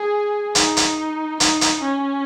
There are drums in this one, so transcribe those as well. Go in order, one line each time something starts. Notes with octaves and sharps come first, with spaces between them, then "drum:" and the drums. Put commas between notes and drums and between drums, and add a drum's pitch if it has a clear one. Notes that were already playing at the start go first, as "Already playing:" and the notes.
Already playing: G#4
D#4, drum: hi-hat
drum: hi-hat
D#4, drum: hi-hat
drum: hi-hat
C#4